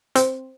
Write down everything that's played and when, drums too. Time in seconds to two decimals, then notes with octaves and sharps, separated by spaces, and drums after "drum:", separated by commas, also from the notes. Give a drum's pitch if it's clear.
0.15 C4, drum: hi-hat